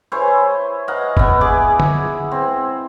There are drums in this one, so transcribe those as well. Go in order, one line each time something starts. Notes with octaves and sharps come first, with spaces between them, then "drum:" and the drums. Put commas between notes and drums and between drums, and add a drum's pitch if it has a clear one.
E4 C5 C#5 G#5
D#5 F5 F#5 A#5
B3 E4, drum: kick
G#4 G#5 D6
drum: tom D3
C4